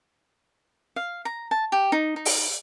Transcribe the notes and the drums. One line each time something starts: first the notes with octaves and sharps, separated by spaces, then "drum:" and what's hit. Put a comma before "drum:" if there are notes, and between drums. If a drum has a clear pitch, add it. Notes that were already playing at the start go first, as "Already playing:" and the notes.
F5
A#5
A5
G4
D#4
D#4
drum: open hi-hat